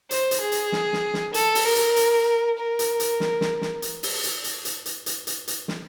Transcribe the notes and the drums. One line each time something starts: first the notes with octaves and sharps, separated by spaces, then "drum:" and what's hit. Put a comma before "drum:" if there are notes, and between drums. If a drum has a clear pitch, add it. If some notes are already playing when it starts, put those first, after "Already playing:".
C5, drum: hi-hat
drum: hi-hat
G#4
drum: hi-hat
drum: snare
drum: snare
drum: snare
A4, drum: hi-hat
drum: open hi-hat
A#4
drum: hi-hat
drum: hi-hat
A#4
drum: hi-hat
drum: hi-hat
drum: snare
drum: snare
drum: snare
drum: hi-hat
drum: open hi-hat
drum: hi-hat
drum: hi-hat
drum: hi-hat
drum: hi-hat
drum: hi-hat
drum: hi-hat
drum: hi-hat
drum: snare